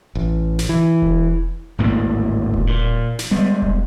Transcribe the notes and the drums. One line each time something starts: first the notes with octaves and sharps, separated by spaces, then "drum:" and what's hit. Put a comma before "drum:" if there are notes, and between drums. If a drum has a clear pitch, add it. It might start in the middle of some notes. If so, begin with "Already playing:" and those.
A1
drum: snare
E3
drum: kick E1
G#1 D2 A2 A#3
drum: kick E1
A#2
drum: snare
G3 G#3 B3
drum: kick E1